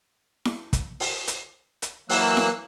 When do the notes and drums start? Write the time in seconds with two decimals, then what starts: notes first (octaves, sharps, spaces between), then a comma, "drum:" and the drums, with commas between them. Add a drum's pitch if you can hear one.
0.45 drum: snare E4
0.73 drum: kick, hi-hat
1.00 drum: open hi-hat
1.27 drum: hi-hat
1.82 drum: hi-hat
2.10 E3 F#3 A#3 E6 F#6, drum: open hi-hat
2.37 drum: snare E4